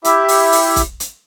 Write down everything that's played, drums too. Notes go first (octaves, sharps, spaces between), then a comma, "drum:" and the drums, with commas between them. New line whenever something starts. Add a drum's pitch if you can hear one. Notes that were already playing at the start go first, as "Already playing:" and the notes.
E4 G4 E5, drum: hi-hat
drum: open hi-hat
drum: open hi-hat
drum: kick, hi-hat
drum: hi-hat